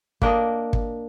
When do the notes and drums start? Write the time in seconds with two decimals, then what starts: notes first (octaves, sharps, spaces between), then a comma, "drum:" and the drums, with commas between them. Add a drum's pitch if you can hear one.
0.22 A#3 D4 D#5, drum: kick
0.73 drum: kick